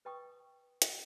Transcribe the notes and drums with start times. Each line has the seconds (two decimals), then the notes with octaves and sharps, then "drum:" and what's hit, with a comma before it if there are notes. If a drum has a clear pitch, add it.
0.05 B4 D#5 G5 C#6 D#6
0.82 drum: hi-hat